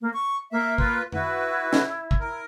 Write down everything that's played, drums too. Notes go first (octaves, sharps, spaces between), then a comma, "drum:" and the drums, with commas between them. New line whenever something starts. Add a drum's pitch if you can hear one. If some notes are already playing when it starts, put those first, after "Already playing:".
A#3
C#6
A#3 E5
F4 B4, drum: kick
E4 F#4 B4, drum: tom F2
drum: snare
drum: kick
A#4